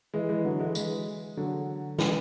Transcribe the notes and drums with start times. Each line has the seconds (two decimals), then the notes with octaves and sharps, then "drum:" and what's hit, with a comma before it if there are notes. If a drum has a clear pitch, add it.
0.14 E3 G#3
0.29 E3 G#3
0.45 D3 F#3
0.60 E3 G#3
0.75 E3 G#3, drum: tambourine
1.37 D3 F#3
1.98 C#3 E3, drum: snare